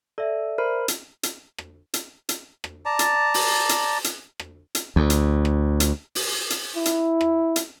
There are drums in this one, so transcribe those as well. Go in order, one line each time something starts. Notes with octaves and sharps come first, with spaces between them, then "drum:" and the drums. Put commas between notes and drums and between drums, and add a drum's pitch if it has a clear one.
A4 D5 E5
A#4 C5 B5
drum: hi-hat
drum: hi-hat
drum: rim click
drum: hi-hat
drum: hi-hat
drum: rim click
D5 A5 A#5
drum: hi-hat
drum: open hi-hat
drum: hi-hat
drum: hi-hat
drum: rim click
drum: hi-hat
D2
drum: hi-hat
drum: rim click
drum: hi-hat
drum: open hi-hat
drum: hi-hat
E4
drum: hi-hat
drum: rim click
drum: hi-hat